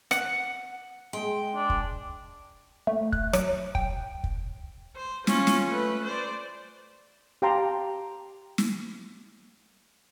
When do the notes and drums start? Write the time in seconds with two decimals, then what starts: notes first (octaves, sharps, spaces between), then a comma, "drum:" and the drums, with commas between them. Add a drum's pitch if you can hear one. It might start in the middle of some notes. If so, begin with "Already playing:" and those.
0.11 F#5, drum: rim click
1.13 G#3 G5
1.55 D4
1.70 drum: kick
2.87 A3
3.12 F#6, drum: kick
3.33 F#3, drum: rim click
3.75 G5, drum: kick
4.24 drum: kick
4.96 C5
5.27 C#4 F4, drum: snare
5.47 drum: snare
5.68 A3 B4
6.05 C5 D5
7.42 G4 F5 G5 A5 A#5 C6
8.58 drum: snare